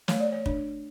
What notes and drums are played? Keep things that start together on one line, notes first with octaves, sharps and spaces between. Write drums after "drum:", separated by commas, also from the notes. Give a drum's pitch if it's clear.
A3 C#5, drum: snare
D5
C#5
D4, drum: kick